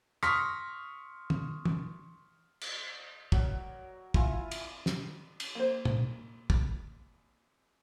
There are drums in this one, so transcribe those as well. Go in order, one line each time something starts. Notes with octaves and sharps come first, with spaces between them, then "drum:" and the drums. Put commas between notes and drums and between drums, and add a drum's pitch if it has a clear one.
C6 C#6 D#6 F6 A#6 B6, drum: rim click
drum: tom
drum: tom
drum: cymbal
F#3 A#4, drum: kick
E4 F4 G#5, drum: kick
drum: cymbal
drum: snare
drum: cymbal
A#3 C5
drum: tom
drum: kick